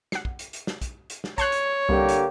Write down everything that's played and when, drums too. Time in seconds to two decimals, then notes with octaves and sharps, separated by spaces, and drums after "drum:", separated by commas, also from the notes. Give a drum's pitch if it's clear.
0.12 F#5 C7, drum: snare
0.25 drum: kick
0.39 drum: hi-hat
0.53 drum: hi-hat
0.67 drum: snare
0.82 drum: kick, hi-hat
1.10 drum: hi-hat
1.24 drum: snare
1.38 C#5 A5 C6 F#6, drum: kick, hi-hat
1.52 drum: hi-hat
1.89 C2 D3 A#3 G4
2.09 drum: hi-hat